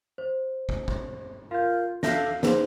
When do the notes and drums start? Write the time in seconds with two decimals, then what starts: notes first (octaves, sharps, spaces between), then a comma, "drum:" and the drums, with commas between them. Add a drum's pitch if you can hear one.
0.18 C5
0.69 drum: kick
0.88 drum: kick
1.51 F4 A#4 F5 G6
2.03 D4 F#4 A4 E5 F5 G6 A#6, drum: snare
2.43 A#3 D#4 G#4 B4 C5, drum: snare